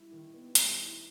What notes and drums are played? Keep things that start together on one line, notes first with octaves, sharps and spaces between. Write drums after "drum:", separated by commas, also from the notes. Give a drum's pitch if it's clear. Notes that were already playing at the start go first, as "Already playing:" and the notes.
Already playing: G3 E4
D#3
B3
G3, drum: hi-hat
E4